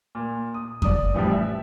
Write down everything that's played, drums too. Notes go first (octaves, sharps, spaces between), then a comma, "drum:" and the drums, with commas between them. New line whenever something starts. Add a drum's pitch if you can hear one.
A#2
D#6
D5 D#6, drum: kick F2
A2 E3 F3 G3
E5